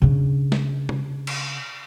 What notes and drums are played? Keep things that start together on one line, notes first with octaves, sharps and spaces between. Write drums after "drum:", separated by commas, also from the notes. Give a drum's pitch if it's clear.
C#3 D4
drum: snare
drum: tom
drum: cymbal